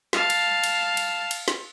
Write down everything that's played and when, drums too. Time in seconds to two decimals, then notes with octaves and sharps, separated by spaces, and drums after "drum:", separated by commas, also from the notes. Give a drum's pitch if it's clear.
0.13 F5 A5, drum: snare
0.30 drum: cymbal
0.64 drum: cymbal
0.97 drum: cymbal
1.31 drum: cymbal
1.48 drum: snare